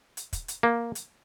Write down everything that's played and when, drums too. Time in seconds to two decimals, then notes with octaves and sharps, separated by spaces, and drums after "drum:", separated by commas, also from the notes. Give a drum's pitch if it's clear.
0.17 drum: hi-hat
0.33 drum: kick, hi-hat
0.48 drum: hi-hat
0.63 A#3
0.95 drum: hi-hat